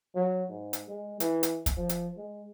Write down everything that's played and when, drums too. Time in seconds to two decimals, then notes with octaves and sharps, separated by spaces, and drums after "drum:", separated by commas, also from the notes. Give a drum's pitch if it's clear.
0.15 F#3
0.50 G#2
0.73 drum: hi-hat
0.88 G#3
1.20 E3, drum: hi-hat
1.43 drum: hi-hat
1.66 drum: kick, hi-hat
1.77 F3
1.89 drum: hi-hat
2.17 G#3